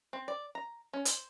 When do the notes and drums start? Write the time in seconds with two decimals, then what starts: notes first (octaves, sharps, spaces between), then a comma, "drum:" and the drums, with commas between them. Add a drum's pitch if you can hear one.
0.13 C4
0.28 D5
0.55 A#5
0.93 C#4
1.05 C5, drum: hi-hat